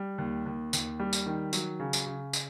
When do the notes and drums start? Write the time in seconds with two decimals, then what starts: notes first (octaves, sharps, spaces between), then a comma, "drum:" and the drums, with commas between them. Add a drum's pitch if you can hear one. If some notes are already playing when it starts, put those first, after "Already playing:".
Already playing: G3
0.18 D#2
0.46 D#2
0.73 D#2, drum: tambourine
1.00 G3
1.13 drum: tambourine
1.26 D#3
1.53 F#3, drum: tambourine
1.80 C#3
1.93 drum: tambourine
2.06 C#3
2.33 drum: tambourine